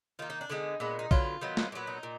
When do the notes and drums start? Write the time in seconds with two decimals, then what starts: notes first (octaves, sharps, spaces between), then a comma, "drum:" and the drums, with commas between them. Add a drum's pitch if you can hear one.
0.19 D#3 A#3 F4
0.30 D#4
0.41 D4
0.50 D3 G#3 B3 D#4
0.80 A#2 G#3 B3
0.99 D#4
1.11 D3 F#3 B3 F4, drum: kick
1.41 D#3 F#3 B3
1.57 drum: snare
1.72 A#2 F#3 B3
1.87 D#4
2.03 A#2